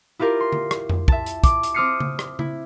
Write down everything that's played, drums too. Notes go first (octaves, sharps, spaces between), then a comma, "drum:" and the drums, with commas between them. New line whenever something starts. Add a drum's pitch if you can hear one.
E4 F4 G4 A#4
C6
drum: tom D3
drum: rim click
drum: tom F2
E5 A5, drum: kick
drum: hi-hat
D6, drum: kick, hi-hat
drum: hi-hat
C4 D6 D#6 F6 C7 C#7
drum: tom C#3
drum: rim click
E4, drum: tom C#3